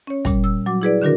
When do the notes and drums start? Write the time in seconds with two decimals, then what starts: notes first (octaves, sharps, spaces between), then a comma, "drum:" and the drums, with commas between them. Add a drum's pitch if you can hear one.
0.07 C#4 C#5
0.25 A#2 G3, drum: kick, hi-hat
0.44 E6
0.66 F#3 F#4 D6
0.82 E4 G#4 B4 D5
1.02 D3 D#3 D4 F#4 A#4